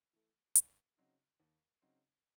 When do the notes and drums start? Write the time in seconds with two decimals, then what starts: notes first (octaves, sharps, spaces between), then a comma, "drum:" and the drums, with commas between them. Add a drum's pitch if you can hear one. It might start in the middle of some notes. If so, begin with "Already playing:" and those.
0.13 E3 A3
0.55 D#2, drum: hi-hat
0.97 C#3 F#3 C4 D#4
1.40 D#2
1.82 C#3 F#3 C4 D#4